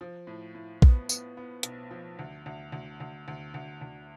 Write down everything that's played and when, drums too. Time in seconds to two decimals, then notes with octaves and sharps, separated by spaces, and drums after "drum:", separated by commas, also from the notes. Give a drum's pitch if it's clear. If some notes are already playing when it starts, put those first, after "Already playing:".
0.01 F3
0.27 A2
0.55 A2
0.82 B3, drum: kick A#1
1.09 B3, drum: tambourine
1.37 B3
1.63 B1, drum: hi-hat
1.91 F3
2.19 D2
2.46 D2
2.72 D2
3.00 D2
3.28 D2
3.54 D2
3.81 D2